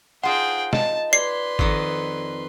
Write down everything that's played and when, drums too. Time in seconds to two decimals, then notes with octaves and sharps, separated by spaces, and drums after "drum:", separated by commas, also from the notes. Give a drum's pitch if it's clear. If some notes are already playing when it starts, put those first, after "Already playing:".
0.23 D#4 F4 G#4 C5 F#5 G5
0.73 D#5 A5, drum: snare
1.13 B4 D5 C6 C7
1.59 F2 D#3 D#5, drum: kick